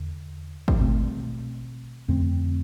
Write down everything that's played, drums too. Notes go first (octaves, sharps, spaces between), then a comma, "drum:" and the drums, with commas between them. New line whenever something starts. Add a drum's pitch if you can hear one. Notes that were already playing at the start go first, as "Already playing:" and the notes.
Already playing: E2 D3
drum: kick
B2 A3 C4
F2 D3 A3 C4